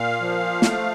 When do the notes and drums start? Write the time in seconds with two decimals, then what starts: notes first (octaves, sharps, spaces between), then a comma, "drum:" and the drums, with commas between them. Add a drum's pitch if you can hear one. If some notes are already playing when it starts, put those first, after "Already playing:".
Already playing: A#2 F5
0.21 F3
0.62 A3, drum: snare